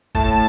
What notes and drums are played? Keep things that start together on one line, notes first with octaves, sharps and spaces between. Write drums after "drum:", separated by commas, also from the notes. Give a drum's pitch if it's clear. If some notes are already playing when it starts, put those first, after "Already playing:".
A2 A5, drum: kick